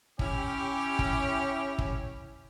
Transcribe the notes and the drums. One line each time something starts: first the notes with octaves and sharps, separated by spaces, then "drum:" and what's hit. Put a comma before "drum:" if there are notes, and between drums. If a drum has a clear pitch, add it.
C#4 E4 G4, drum: kick
drum: kick
drum: kick